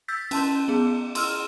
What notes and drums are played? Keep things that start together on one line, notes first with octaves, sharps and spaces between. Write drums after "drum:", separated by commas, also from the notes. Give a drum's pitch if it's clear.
E6 G6 A6 B6
C#4 A5 C6, drum: cymbal
B3 G#4
C6 E6 F6, drum: cymbal